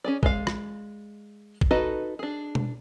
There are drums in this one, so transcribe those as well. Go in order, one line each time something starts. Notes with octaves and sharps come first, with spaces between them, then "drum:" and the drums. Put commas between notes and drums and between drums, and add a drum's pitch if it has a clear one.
C#4 G#4 D5
G#3 D5 F5, drum: kick
drum: rim click
drum: kick
D#4 F#4 A4 B4 D#5
D4 G#4
drum: tom B2